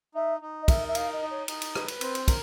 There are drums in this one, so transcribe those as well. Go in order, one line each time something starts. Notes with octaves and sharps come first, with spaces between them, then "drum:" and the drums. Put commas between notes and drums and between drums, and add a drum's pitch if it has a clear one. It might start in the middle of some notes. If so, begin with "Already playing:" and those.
D#4 E5
D#4
D#5
A#4 E5, drum: kick, cymbal
E5
D#4 F5, drum: cymbal
D#5
D#4
C#5
D#4, drum: cymbal
drum: cymbal
B4, drum: rim click
drum: cymbal
C4, drum: cymbal
drum: cymbal
A#4, drum: kick, cymbal